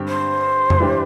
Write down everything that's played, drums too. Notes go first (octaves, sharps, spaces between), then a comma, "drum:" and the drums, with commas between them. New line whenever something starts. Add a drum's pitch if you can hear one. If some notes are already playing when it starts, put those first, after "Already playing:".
Already playing: G2 D3 G3 C4 G4
C5
drum: tom F2
G2 E3 G3 D4 G4